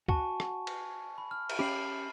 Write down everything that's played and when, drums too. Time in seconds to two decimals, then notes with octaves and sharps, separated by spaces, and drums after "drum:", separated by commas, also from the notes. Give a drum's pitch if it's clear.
0.08 F#4 F#5 G#5 A5 C#6, drum: kick C#2
0.40 drum: rim click
0.67 drum: cymbal
1.18 B5
1.31 F6
1.50 drum: cymbal
1.59 C#4 G4 B5 C7 F#7